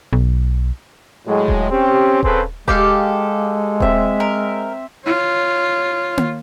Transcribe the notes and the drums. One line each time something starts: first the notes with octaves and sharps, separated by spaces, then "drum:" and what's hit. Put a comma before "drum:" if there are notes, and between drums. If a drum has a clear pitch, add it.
B1
A2 F#3 G#3
drum: kick D#1
C4 C#4 G4
C#3 C4 G#4 A4 B4 C5, drum: kick D#1
G#3 G4 A4 F5 D6, drum: kick D#1
C4 E5, drum: kick D#1
A#4
F4 C#5
drum: tom A#3